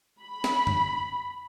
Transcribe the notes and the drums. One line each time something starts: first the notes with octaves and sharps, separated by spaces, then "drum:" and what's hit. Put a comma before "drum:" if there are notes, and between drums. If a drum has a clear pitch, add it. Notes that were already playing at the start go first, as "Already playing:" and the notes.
B5
drum: snare
drum: tom